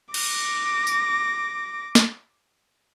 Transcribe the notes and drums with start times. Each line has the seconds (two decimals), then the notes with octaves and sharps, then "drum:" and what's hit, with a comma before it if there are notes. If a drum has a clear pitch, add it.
0.14 D6 A#6, drum: cymbal
0.87 drum: tambourine
1.95 drum: snare